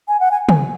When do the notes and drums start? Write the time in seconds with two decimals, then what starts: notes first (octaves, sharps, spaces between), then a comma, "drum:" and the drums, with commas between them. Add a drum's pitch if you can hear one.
0.08 G#5
0.20 F#5
0.31 G#5
0.49 G#5, drum: tom